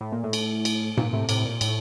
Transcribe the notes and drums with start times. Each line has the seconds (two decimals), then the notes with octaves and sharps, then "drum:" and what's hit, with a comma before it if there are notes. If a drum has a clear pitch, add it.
0.01 A2
0.12 A#2
0.24 A2
0.33 drum: cymbal
0.65 drum: cymbal
0.97 A#2, drum: tom G#2
1.13 A2 C3
1.29 A2 C3, drum: cymbal
1.45 A#2
1.61 A2, drum: cymbal